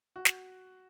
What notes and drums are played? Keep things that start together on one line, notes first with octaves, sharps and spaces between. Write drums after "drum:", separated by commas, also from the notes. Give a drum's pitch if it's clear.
F#4
drum: snare